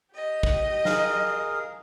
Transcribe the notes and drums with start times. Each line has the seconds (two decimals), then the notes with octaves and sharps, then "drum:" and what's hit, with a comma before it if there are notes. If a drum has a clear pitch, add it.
0.13 G4 D#5
0.43 drum: kick
0.85 G#4 A#4 F5, drum: snare